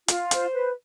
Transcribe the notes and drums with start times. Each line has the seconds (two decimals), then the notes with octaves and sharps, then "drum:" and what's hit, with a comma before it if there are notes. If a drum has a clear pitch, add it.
0.08 F4, drum: hi-hat
0.31 C5, drum: hi-hat
0.53 B4